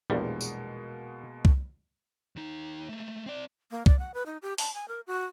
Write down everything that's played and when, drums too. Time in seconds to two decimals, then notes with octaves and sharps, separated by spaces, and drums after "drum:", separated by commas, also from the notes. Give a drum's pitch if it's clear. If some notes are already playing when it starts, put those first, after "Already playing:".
0.10 A#1 E2 B2 G3 G#3 A#3
0.41 drum: tambourine
1.45 drum: kick C2
2.36 D#2 D#4
2.89 A3 A#3
3.26 C4 D5
3.71 A#3
3.86 D5, drum: kick C2
3.99 F#5
4.14 B4
4.26 D#4
4.42 G4
4.58 A5, drum: open hi-hat
4.74 G#5
4.88 A#4
5.07 F#4